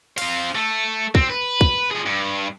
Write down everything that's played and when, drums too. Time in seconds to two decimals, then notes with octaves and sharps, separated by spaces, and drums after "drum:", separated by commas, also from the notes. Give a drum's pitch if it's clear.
0.18 C4 F5, drum: cymbal
0.55 A3
1.15 C4, drum: kick
1.30 B4
1.61 drum: kick
1.91 F3 G#4
2.06 G2